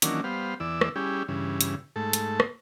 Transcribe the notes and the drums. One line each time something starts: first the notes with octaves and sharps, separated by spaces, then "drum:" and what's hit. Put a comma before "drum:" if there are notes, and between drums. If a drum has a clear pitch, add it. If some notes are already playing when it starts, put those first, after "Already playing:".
D#3 E3 F#3 A#3 C#4 D4, drum: hi-hat
G3 B3 C5 F5
E2 E3 D5 E6
drum: rim click
G3 C#4 E4 G4 G#4
G2 C#3 E3
drum: hi-hat
G#2 A3 A4
drum: hi-hat
drum: rim click